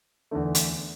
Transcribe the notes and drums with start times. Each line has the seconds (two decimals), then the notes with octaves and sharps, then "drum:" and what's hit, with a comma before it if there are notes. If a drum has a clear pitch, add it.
0.31 E2 D3 A3
0.55 drum: hi-hat